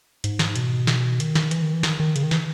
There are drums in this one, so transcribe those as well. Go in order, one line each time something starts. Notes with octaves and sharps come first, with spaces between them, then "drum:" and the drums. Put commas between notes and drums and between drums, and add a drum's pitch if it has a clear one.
G#2, drum: hi-hat
drum: snare
B2, drum: hi-hat
drum: snare
D#3, drum: hi-hat
drum: snare
E3, drum: hi-hat
D#3
E3
D#3, drum: snare
D#3
C#3, drum: hi-hat
D#3
E3, drum: snare